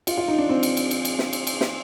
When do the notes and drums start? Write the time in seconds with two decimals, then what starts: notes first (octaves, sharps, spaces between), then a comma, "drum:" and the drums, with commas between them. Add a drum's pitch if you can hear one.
0.07 F4, drum: cymbal
0.18 F4
0.28 D#4
0.38 D4
0.49 C4
0.63 drum: cymbal
0.77 drum: cymbal
0.91 drum: cymbal
1.05 drum: cymbal
1.19 drum: snare
1.33 drum: cymbal
1.47 drum: cymbal
1.61 drum: snare